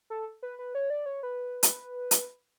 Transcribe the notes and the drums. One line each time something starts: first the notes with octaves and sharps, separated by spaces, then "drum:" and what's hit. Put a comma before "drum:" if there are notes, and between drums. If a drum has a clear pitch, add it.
A4
B4
B4
C#5
D5
C#5
B4
drum: hi-hat
drum: hi-hat